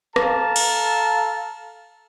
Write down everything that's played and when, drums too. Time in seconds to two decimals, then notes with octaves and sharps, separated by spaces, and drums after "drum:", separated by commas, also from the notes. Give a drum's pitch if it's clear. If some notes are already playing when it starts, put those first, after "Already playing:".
0.16 A4 F5 A5 A#5, drum: rim click
0.56 drum: cymbal